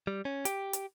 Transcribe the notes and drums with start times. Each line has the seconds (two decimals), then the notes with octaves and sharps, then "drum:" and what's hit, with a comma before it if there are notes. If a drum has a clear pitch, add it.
0.07 G3
0.25 C#4
0.45 G4, drum: hi-hat
0.73 drum: hi-hat